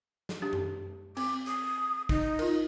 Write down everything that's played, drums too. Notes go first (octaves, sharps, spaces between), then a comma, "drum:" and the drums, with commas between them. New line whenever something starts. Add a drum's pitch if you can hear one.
drum: snare
D4 G4
drum: tom
C4 D6, drum: cymbal
D#6, drum: hi-hat
D#4, drum: kick
F4 A#4, drum: cymbal